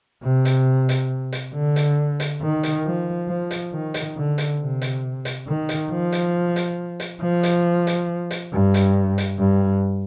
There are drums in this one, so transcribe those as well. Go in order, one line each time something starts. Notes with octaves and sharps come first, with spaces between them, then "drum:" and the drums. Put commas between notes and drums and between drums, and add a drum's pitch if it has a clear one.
C3
drum: hi-hat
drum: hi-hat
drum: hi-hat
D3
drum: hi-hat
drum: hi-hat
D#3
drum: hi-hat
F3
F3
drum: hi-hat
D#3
drum: hi-hat
D3
drum: hi-hat
C3
drum: hi-hat
drum: hi-hat
D#3
drum: hi-hat
F3
drum: hi-hat
drum: hi-hat
drum: hi-hat
F3
drum: hi-hat
drum: hi-hat
drum: hi-hat
G2
drum: hi-hat
drum: hi-hat
G2